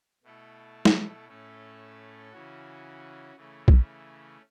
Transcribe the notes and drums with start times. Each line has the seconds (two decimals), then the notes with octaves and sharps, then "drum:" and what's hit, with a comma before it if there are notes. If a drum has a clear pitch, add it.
0.24 B2 A3 E4 A4
0.85 drum: snare
1.28 A2 A3 C#4 A4
2.32 C#3 E3 C#4 F#4
3.36 C#3 E3 A3 C#4
3.68 drum: kick A#1